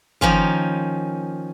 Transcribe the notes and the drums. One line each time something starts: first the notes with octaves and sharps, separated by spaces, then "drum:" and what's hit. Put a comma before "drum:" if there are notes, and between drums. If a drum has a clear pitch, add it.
D#3 F3 A#3 C#4 F4, drum: kick